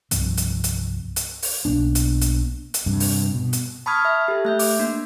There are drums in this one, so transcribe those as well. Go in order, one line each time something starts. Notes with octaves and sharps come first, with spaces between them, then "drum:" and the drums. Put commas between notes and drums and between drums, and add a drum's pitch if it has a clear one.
C2 G2 F3 C4, drum: hi-hat
drum: hi-hat
drum: hi-hat
drum: hi-hat
drum: open hi-hat
B1 B2 A#3 D4
drum: hi-hat
drum: hi-hat
drum: hi-hat
G2 C3
drum: open hi-hat
B2
drum: hi-hat
A5 B5 C#6 D#6 F6 G#6
E5
G4 A4
A3 E5 G6
D6, drum: open hi-hat
A#3 D4